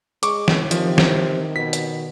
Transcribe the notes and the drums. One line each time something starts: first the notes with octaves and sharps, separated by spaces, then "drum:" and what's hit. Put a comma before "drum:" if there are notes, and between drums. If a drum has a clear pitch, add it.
G#3 C#6 D6, drum: hi-hat
drum: snare
C3 D#3 F3, drum: hi-hat
drum: snare
B2 B6
drum: hi-hat